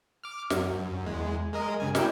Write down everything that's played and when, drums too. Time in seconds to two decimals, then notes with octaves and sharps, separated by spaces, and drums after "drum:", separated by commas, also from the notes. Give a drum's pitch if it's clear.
0.24 D6 F6
0.50 F#2, drum: snare
1.06 E2 G#3
1.53 G#3 A#4 D#5
1.80 G2 C#3 G#5
1.95 D#4 E4 G5, drum: snare